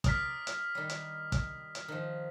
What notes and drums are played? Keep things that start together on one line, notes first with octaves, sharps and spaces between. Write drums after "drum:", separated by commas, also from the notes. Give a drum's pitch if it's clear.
A#4 D5 D#6 F6 B6, drum: kick, hi-hat
drum: hi-hat
D#3 G3
drum: hi-hat
drum: kick, hi-hat
drum: hi-hat
D#3 F3